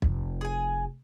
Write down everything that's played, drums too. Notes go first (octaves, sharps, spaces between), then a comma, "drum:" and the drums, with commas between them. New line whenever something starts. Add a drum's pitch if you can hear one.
F1, drum: kick
G#4 G#5